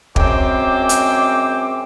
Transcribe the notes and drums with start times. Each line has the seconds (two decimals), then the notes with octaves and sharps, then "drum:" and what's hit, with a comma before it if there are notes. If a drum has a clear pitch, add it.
0.16 F#2 G#3 C4 C5 G5 D6, drum: kick
0.89 drum: hi-hat